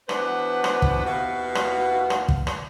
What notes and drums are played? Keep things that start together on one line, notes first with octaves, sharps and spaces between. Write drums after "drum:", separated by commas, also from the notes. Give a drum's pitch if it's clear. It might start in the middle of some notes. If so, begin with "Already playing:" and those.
E3 B3 D4 F#4 B4 C5, drum: rim click
drum: rim click
drum: kick
D#2 B2 E3 B3 F#4 F5
drum: rim click
drum: rim click
drum: kick
drum: rim click